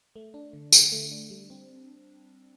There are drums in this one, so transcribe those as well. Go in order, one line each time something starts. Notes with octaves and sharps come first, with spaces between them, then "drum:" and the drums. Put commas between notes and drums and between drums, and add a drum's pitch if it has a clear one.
A3
D4
D3
D3, drum: tambourine
A3
D4
G3
C4